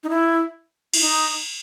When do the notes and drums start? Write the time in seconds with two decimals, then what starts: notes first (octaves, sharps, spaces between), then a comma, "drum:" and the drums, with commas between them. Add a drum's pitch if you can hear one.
0.03 D#4
0.10 E4
0.94 E4, drum: cymbal
1.00 D#4